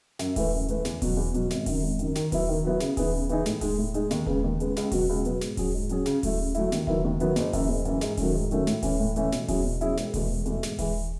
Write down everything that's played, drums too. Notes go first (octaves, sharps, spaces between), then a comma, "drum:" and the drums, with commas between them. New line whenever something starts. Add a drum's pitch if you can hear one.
F#2, drum: snare
E3 A3 E4 B4, drum: kick D#1, open hi-hat
F#2
E3 A3 E4 B4, drum: hi-hat
E2, drum: snare
B2 F#3, drum: kick D#1, open hi-hat
E2
B2 F#3, drum: hi-hat
G#1, drum: snare
F#2 D#3, drum: kick D#1, open hi-hat
G#1
F#2 D#3, drum: hi-hat
D#3, drum: snare
F#3 B3 E4, drum: kick D#1, open hi-hat
D#3
F#3 B3 E4
C#3, drum: snare
E3 B3 D#4 G#4, drum: kick D#1, open hi-hat
C#3
E3 B3 D#4 G#4, drum: hi-hat
A2, drum: snare
G#3 D#4 G#4, drum: kick D#1, open hi-hat
A2
G#3 D#4 G#4, drum: hi-hat
D#2, drum: snare
C#3 G#3 B3, drum: kick D#1
D#2
C#3 G#3 B3, drum: hi-hat
C#2, drum: snare
B2 F#3 B3 F#4, drum: kick D#1, open hi-hat
C#2
B2 F#3 B3 F#4, drum: hi-hat
G#2, drum: snare
F#3 C#4 G#4, drum: kick D#1, open hi-hat
G#2
F#3 C#4 G#4, drum: hi-hat
C#3, drum: snare
F#3 A3 E4, drum: kick D#1, open hi-hat
C#3
F#3 A3 E4, drum: hi-hat
D#2, drum: snare
D#3 F#3 B3 E4, drum: kick D#1
D#2
D#3 F#3 B3 E4, drum: hi-hat
F#1, drum: snare
F#2 E3, drum: kick D#1, open hi-hat
F#1
F#2 E3, drum: hi-hat
G#2, drum: snare
D#3 F#3 A3 C#4, drum: kick D#1, open hi-hat
G#2
D#3 F#3 A3 C#4, drum: hi-hat
A2, drum: snare
E3 A3 C#4, drum: kick D#1, open hi-hat
A2
E3 A3 C#4, drum: hi-hat
B2, drum: snare
F#3 C#4 E4 G#4, drum: kick D#1, open hi-hat
B2
F#3 C#4 E4 G#4, drum: hi-hat
E1, drum: snare
E2 B2 A3, drum: kick D#1, open hi-hat
E1
E2 B2 A3, drum: hi-hat
G#2, drum: snare
E3 G#3, drum: kick D#1, open hi-hat